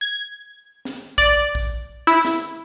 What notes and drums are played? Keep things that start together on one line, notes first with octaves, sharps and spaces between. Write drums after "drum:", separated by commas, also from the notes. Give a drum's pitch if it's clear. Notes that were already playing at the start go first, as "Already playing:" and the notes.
G#6
drum: snare
D5, drum: kick A#1
drum: kick A#1
E4
drum: snare